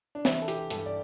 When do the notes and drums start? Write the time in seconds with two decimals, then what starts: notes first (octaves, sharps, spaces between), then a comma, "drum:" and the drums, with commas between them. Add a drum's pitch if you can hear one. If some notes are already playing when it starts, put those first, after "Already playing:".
0.15 D4
0.25 E3 E4, drum: snare
0.42 A4
0.48 G4, drum: hi-hat
0.70 G2 A4, drum: hi-hat
0.86 D5